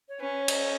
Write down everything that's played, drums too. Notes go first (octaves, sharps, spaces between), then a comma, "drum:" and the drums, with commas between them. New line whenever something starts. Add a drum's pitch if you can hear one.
C#5
C#4 B4
C#5
D#5, drum: cymbal